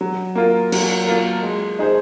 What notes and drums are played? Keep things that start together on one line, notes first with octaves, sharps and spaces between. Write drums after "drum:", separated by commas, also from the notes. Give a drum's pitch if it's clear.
F#3
A#3 F4 A#4
F#3, drum: cymbal
A#3 F4 A#4
G#3
D#4 G#4 C5